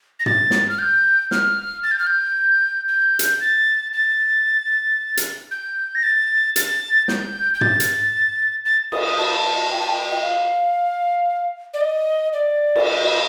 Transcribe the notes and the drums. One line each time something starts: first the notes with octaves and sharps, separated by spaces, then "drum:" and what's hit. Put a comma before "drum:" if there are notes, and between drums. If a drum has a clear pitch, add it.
A#6
A6, drum: tom
drum: snare
F6
G6
F6, drum: snare
A6
G6
F6
G6
G6
drum: hi-hat
A6
A6
drum: hi-hat
G6
A#6
A6
A6, drum: hi-hat
G6, drum: snare
G6
A6, drum: tom
drum: hi-hat
A6
D#6, drum: cymbal
D#6
A5
G5
A5
G5
D#5
F5
D5
D#5
D5
drum: cymbal
D#5